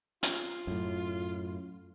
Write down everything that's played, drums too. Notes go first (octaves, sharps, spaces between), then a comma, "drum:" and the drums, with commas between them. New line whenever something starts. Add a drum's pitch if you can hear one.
F4, drum: hi-hat
F#2 A2